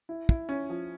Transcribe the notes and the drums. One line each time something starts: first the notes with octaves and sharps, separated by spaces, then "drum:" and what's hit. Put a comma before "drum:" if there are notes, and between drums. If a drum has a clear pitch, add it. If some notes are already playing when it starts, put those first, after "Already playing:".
E4
E4, drum: kick
C#4
F3